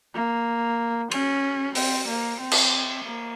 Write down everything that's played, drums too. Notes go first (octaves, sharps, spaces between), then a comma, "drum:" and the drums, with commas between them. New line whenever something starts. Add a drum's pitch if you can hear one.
A#3
C#4, drum: cymbal
C4, drum: open hi-hat
A#3
C4
drum: cymbal
A#3